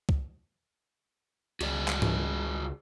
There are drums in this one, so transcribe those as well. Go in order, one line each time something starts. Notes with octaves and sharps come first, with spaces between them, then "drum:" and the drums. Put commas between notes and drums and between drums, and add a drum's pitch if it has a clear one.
drum: kick C2
C#2 F#4 G#4 D5, drum: cymbal
drum: clap
drum: tom